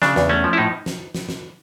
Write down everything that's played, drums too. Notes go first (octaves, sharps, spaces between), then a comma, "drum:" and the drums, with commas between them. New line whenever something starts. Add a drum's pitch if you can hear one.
C#3 D4, drum: snare
E2, drum: snare
A3 C#4
F3
E4
A2 D#4
drum: snare
drum: snare
drum: snare